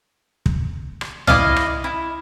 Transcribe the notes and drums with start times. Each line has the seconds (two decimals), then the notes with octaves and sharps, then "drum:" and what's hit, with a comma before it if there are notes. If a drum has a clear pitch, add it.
0.46 drum: kick
1.01 drum: rim click
1.27 E4 D5 D#5 F5, drum: tom
1.56 drum: rim click
1.84 E4